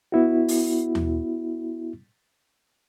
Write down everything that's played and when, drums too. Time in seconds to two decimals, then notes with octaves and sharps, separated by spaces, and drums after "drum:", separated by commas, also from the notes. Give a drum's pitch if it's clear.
0.12 B3 E4 F#4
0.48 drum: open hi-hat
0.95 drum: tom D#2